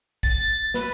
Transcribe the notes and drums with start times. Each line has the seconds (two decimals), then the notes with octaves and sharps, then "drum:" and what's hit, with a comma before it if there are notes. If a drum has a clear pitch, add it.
0.23 A6, drum: kick, hi-hat
0.41 drum: hi-hat
0.74 B4, drum: snare